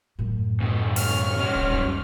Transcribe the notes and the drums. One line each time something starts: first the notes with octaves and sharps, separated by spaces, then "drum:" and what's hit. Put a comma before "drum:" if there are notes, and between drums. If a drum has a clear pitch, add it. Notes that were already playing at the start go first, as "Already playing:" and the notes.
F#2 A2
D2 B2
C#5 F6, drum: open hi-hat
G3 C#4
drum: kick
C#2 F#2